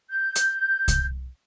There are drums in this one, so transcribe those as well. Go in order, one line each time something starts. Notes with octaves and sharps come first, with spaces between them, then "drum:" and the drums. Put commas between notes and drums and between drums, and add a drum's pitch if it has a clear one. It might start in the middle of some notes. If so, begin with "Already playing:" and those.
G6
drum: hi-hat
drum: kick C2, hi-hat